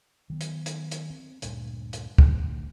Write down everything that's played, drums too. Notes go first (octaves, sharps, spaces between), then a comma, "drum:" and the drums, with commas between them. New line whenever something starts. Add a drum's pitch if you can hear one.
D#3 F#3 B3
drum: hi-hat
drum: hi-hat
drum: hi-hat
C4
D2 G2 A#2, drum: hi-hat
drum: hi-hat
drum: kick
D2 D3